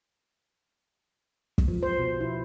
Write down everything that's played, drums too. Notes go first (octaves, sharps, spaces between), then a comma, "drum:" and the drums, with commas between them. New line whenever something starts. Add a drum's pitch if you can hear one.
drum: kick
F3
C5
B2
E4